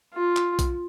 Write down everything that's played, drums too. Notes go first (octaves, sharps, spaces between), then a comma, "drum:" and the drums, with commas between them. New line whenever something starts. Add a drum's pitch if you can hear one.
F4
drum: clap
drum: kick B1, hi-hat